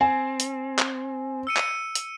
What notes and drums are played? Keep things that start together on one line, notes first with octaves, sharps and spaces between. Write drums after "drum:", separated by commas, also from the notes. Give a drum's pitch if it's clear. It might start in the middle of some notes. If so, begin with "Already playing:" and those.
C4 G#5
drum: hi-hat
drum: clap
E6 C#7 D#7
drum: clap
drum: hi-hat